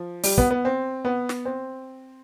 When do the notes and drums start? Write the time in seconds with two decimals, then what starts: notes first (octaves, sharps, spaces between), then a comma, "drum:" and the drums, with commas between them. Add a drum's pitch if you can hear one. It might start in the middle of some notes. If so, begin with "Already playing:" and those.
Already playing: F3
0.24 G3, drum: open hi-hat
0.38 B3, drum: kick
0.50 B3
0.65 C4
1.05 B3
1.29 drum: snare
1.45 C4